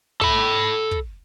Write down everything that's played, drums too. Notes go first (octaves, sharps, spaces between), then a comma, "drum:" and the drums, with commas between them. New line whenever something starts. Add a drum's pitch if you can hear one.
A4 B5, drum: kick
drum: kick